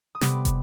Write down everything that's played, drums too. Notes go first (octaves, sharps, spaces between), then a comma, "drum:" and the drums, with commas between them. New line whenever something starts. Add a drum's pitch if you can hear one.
D#6
C3 G3 B3 D6, drum: snare
drum: kick, hi-hat